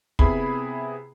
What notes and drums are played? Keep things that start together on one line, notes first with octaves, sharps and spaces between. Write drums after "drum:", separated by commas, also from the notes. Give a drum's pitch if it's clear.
C3 B3 E4 G#4 B5 C7, drum: kick